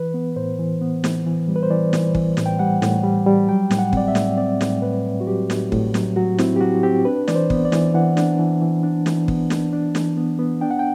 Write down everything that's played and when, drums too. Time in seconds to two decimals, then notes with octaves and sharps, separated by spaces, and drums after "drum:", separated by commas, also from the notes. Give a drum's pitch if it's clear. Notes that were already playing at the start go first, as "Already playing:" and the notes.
Already playing: E3 B4
0.14 B3
0.36 A2 C5
0.59 E3
0.82 B3
1.04 E3, drum: snare
1.26 E3
1.48 G3
1.56 B4
1.63 C5
1.70 E3 D5
1.93 E3, drum: snare
2.15 E3, drum: kick
2.37 A2, drum: snare
2.46 G5
2.59 G3 F#5
2.82 A2, drum: snare
3.04 G3
3.26 G3
3.48 F#3 G5
3.71 A2, drum: snare
3.79 F#5
3.93 C4 D5, drum: kick
4.08 E5
4.15 A2, drum: snare
4.37 C4 D5
4.61 A2, drum: snare
4.82 A2 B4
5.04 A2
5.21 F#4
5.27 F#3 G4
5.50 A2, drum: snare
5.72 A2, drum: kick
5.94 F#3, drum: snare
6.16 F#3 F#4
6.38 C4 E4, drum: snare
6.56 G4
6.60 F#3 F#4
6.83 C4 G4
7.05 D4 B4
7.28 E3 D5, drum: snare
7.35 C5
7.50 B3, drum: kick
7.65 D5
7.72 E3, drum: snare
7.94 E3 F#5
8.17 D4, drum: snare
8.39 E3
8.62 E3
8.83 D4
9.06 E3, drum: snare
9.28 B3, drum: kick
9.50 D4, drum: snare
9.73 D4
9.95 E3, drum: snare
10.17 B3
10.39 B3
10.61 D4 G5
10.71 F#5
10.79 G5